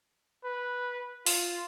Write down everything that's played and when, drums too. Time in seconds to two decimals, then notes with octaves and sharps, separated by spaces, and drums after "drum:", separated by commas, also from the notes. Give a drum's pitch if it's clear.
0.45 B4
1.26 F4, drum: open hi-hat